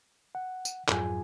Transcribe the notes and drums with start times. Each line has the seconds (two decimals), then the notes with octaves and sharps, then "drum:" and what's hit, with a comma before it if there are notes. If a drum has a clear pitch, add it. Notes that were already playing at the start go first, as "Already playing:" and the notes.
0.35 F#5
0.65 drum: tambourine
0.88 F2 G#2 F#3 F4 G#4 G#5, drum: clap